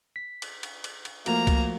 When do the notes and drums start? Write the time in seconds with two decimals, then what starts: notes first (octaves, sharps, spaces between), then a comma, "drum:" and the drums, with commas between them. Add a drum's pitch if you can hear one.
0.16 B6
0.42 drum: cymbal
0.63 drum: cymbal
0.84 drum: cymbal
1.05 drum: cymbal
1.26 F3 A3 A#3 F#4 A#5, drum: cymbal
1.47 drum: kick C2, cymbal